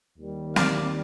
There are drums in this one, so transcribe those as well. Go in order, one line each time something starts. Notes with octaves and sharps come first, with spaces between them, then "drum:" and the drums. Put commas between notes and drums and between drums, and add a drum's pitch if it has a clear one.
D#2 D#3 G3
D5 F5, drum: snare